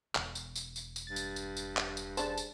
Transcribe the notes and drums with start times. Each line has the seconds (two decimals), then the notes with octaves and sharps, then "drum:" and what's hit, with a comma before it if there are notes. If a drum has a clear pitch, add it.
0.15 E1, drum: clap
0.35 drum: tambourine
0.56 drum: tambourine
0.76 drum: tambourine
0.96 drum: tambourine
1.07 G2 A6
1.16 drum: tambourine
1.36 drum: tambourine
1.57 drum: tambourine
1.77 drum: clap
1.97 drum: tambourine
2.17 D4 G#4 C5 A5, drum: tambourine
2.37 drum: tambourine